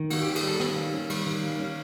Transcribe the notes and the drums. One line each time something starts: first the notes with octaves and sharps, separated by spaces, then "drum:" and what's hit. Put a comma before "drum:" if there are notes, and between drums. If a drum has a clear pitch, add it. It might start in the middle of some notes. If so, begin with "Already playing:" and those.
Already playing: D#3
A#3 F#4, drum: cymbal
C#4 G4
G#4, drum: cymbal
G3 A4
D#3, drum: rim click
A#3
C#4
G3, drum: cymbal
D#3
A#3
C#4